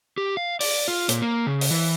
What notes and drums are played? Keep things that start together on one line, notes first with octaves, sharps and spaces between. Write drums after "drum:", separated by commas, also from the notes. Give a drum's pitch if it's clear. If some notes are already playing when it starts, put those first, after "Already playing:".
G4
F5
D5, drum: open hi-hat
F4
A#2, drum: hi-hat
A#3
C#3
drum: open hi-hat
E3